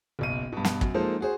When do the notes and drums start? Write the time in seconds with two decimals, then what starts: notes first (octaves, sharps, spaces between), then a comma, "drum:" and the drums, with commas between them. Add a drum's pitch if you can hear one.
0.19 F#1 B1 D#7
0.52 G2 B2
0.65 drum: snare
0.81 F#2, drum: kick
0.94 F3 G#3 A#3 D#4 A4 C5
1.21 F#4 G#4 C5